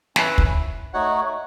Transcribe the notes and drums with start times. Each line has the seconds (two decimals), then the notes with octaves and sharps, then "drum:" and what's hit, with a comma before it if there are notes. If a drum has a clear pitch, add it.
0.16 C#4 E4 B4, drum: snare
0.38 drum: kick
0.93 A3 D#4 F#4 C#5 F#5